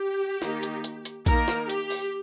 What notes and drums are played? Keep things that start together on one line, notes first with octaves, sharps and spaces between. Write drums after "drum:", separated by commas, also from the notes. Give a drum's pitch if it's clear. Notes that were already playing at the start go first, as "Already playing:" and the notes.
Already playing: G4
D#3 A#3 D#4, drum: snare
drum: hi-hat
drum: hi-hat
drum: hi-hat
D#3 A#3 D#4 A#4, drum: kick A#1, hi-hat
drum: snare
G4, drum: hi-hat
drum: open hi-hat